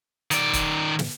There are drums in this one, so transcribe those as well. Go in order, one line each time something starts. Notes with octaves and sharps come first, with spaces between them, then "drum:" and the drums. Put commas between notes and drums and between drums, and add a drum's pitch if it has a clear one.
D#3 D5, drum: hi-hat
drum: kick, hi-hat
drum: snare